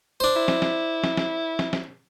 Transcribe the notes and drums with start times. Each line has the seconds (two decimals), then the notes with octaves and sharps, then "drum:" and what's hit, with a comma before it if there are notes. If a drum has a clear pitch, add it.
0.20 D4 C5
0.36 E4
0.48 drum: snare
0.62 drum: snare
1.04 drum: snare
1.17 drum: snare
1.59 drum: snare
1.73 drum: snare